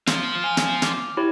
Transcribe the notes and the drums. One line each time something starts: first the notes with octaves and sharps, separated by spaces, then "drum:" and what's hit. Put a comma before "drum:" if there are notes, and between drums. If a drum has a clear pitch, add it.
C5 F5, drum: snare
G#5
drum: snare
D6 F6, drum: snare
E4 G4 C#5